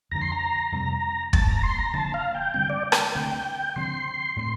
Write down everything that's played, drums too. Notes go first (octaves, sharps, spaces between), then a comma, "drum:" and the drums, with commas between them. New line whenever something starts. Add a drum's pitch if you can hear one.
F2 D3 F3 A#5
C6
A#5
F2 C3 G3
G2 F3 A#3 A5, drum: kick
A#5
C6
A#5
D3 F3 A#3 A5
F5
G5
D3 G3 C4 G5
D5
drum: rim click
D3 A3 C4 G5
D3 F3 C4 C6
A2 A3 C4